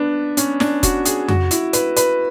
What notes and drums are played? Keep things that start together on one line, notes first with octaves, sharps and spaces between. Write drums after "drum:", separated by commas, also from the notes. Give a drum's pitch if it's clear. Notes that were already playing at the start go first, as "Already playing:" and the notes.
Already playing: B3 D4
C#4, drum: hi-hat
D4, drum: snare
F#4, drum: kick F1, hi-hat
G#4, drum: hi-hat
F#4, drum: tom F2
E4, drum: hi-hat
B4, drum: hi-hat
B4, drum: hi-hat